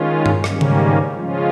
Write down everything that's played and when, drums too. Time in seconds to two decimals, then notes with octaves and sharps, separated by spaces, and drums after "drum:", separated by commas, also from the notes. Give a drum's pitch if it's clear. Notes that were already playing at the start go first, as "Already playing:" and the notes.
Already playing: D#3 G#3 C#4 F4
0.26 drum: tom G2
0.44 G#2 D#3 G3 A#3 C#4, drum: rim click
0.61 drum: tom C#3
1.12 C#3 F3 G#3 C#4 F4